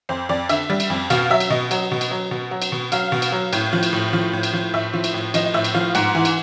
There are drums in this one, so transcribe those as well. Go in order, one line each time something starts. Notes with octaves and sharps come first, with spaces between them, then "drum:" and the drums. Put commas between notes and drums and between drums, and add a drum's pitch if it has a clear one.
F2 C5
F2 D5
D3 E5, drum: cymbal
G3
drum: cymbal
F2
B2 F5, drum: cymbal
F#3 E5
drum: cymbal
B2 D#5
F#3, drum: cymbal
B2
drum: cymbal
F#3
B2
F#3
drum: cymbal
B2
F#3 F5, drum: cymbal
B2
drum: cymbal
F#3
A2, drum: cymbal
F3
drum: cymbal
A2
F3
A2
drum: cymbal
F3
A2 E5
F3
drum: cymbal
A2
F3 D#5, drum: cymbal
D#5
A2 E5
drum: cymbal
F3 F5
G#2 F#5, drum: cymbal
E3
drum: cymbal